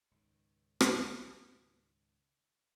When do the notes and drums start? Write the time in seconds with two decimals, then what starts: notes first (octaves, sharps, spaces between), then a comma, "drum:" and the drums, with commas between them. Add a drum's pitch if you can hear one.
0.11 C#2 G#2 D#3
0.81 drum: rim click